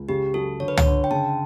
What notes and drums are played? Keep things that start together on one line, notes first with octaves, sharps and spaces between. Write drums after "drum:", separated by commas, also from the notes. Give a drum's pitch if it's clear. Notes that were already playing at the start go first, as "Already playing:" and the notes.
Already playing: C#2
C#3 G4
F#3 A4
D3 C#5
B4
C#5, drum: tom
D3
G5
C#3 A5